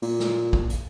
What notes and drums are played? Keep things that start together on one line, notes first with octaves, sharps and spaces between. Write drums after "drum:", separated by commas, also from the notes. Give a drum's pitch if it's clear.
A#2, drum: open hi-hat
drum: snare
drum: kick
drum: hi-hat